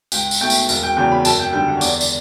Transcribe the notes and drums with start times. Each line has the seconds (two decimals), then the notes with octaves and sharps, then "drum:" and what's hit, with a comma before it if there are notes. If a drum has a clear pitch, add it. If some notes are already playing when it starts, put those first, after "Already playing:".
0.12 C#2 G5, drum: tambourine
0.31 drum: tambourine
0.40 B2 A3 G5
0.50 drum: tambourine
0.69 E1, drum: tambourine
0.83 G5
0.97 E2 C#3 F#3 G5
1.12 B5
1.25 F#2 A5, drum: tambourine
1.40 G5
1.53 D3 G3 G5
1.68 F#5
1.77 C#5
1.81 E2 D5, drum: tambourine
2.01 drum: tambourine